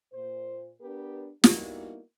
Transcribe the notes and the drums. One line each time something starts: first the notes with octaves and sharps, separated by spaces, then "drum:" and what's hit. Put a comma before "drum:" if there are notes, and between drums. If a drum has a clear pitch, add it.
A#2 C5
B3 D4 G4 A#4 B4
G3 A#3 B3 D#4 E4 F#4, drum: snare